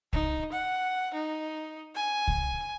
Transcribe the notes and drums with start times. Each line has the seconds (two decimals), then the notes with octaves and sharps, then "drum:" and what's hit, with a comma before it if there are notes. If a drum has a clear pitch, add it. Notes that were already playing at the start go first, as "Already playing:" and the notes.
0.13 D#4, drum: kick C2
0.53 F#5
1.14 D#4
1.95 G#5
2.28 drum: kick C2